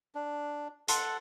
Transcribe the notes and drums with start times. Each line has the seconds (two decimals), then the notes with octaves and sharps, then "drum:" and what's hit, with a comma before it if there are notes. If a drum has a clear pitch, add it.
0.15 D4
0.88 A4 F#5 A5 C6, drum: hi-hat